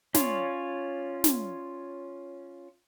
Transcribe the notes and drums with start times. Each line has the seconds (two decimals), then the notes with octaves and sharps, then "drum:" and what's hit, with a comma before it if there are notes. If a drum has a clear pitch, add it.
0.14 C#4 F4 C#5 D5, drum: snare
1.24 drum: snare